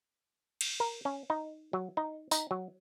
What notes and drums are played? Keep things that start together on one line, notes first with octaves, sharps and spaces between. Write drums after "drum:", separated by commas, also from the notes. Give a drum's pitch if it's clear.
drum: cymbal
A#4
C#4
D#4
F#3
D#4
D#4, drum: tambourine
F#3